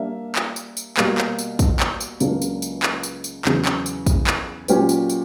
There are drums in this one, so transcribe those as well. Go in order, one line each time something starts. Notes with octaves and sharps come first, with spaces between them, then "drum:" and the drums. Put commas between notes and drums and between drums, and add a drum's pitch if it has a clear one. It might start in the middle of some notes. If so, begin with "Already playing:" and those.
Already playing: G3 A#3 D4 E5
drum: clap
drum: tambourine
drum: tambourine
B2 G3 A#3, drum: clap
drum: clap
drum: tambourine
drum: kick, tambourine
drum: clap
drum: tambourine
C#2 C#3 F#3 A#3 D4, drum: tambourine
drum: tambourine
drum: tambourine
drum: clap
drum: tambourine
drum: tambourine
E2 C#3 F#3, drum: clap
drum: clap
drum: tambourine
drum: kick, tambourine
drum: clap
A#2 F#3 C#4 G4 B4, drum: tambourine
drum: tambourine
drum: tambourine